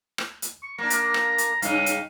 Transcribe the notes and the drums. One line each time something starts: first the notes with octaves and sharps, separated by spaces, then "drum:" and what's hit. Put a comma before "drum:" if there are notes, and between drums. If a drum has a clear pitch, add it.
drum: rim click
drum: hi-hat
C#6
A#3 D4 A#5
drum: hi-hat
drum: rim click
drum: hi-hat
G2 C#3 D#4 F5, drum: hi-hat
drum: hi-hat